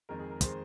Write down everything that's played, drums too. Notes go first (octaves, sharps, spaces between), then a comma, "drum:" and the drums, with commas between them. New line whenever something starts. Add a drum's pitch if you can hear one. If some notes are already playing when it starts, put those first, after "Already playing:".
F2 D#3 G#3 A#4
G#4
A#4
D#3 G#3 C5, drum: kick, hi-hat